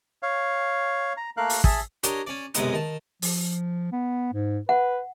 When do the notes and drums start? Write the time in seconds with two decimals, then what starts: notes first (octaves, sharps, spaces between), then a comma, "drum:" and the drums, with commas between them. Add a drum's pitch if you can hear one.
0.23 C#5 F5
1.17 A#5
1.37 A3 A#3 A#4 F5 F#6
1.50 drum: open hi-hat
1.64 G#4 E5 A5, drum: kick
2.03 D4 G4 A#4 C#5 D#5, drum: hi-hat
2.27 C#4 D5
2.54 B1 F#2 C3 G#3 B3 D#4, drum: hi-hat
2.73 D#3 A5
3.22 F3, drum: open hi-hat
3.92 B3
4.33 G#2
4.69 B4 F#5